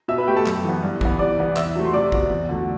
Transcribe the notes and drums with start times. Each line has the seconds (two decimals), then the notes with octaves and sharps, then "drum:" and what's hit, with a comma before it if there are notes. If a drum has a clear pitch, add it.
0.08 B2 E5 E6
0.18 B4 B5
0.27 A3 G4 G5
0.37 A4 A5
0.46 F#2, drum: clap
0.64 E3 B3
0.82 G2
1.01 E3 B3, drum: kick A#1
1.19 C3 D5 D6
1.39 E3 B3
1.56 E2 E5 E6, drum: clap
1.75 C3 F#3 A3
1.85 C6
1.93 C3 D5 D6
2.12 F#3 B3, drum: kick A#1
2.30 E2
2.49 D3 F#3 A3